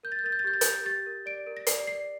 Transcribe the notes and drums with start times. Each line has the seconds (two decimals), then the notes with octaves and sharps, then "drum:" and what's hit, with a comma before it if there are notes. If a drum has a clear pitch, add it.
0.03 A#4 G6
0.12 A6
0.19 G6
0.24 A#4 A6
0.32 G6
0.39 A6
0.44 G4 G6
0.54 A6
0.61 G4 G6, drum: hi-hat
0.85 G4 A6
1.06 A#4
1.26 D5 D7
1.47 A#4
1.57 A#6
1.67 D5 C7, drum: hi-hat
1.87 D5 C7